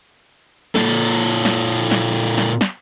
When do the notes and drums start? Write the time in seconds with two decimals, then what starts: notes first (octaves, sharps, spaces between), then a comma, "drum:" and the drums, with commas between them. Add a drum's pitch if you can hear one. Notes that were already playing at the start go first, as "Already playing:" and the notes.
0.76 A#2 A4, drum: snare
1.45 drum: snare
1.91 drum: snare
2.38 drum: snare
2.61 drum: snare